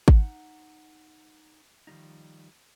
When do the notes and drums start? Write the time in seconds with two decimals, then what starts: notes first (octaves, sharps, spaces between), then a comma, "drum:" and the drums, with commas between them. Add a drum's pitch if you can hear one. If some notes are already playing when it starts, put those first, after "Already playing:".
0.08 D#4 F#5, drum: kick G#1
1.87 D#3 F3 G3 D#4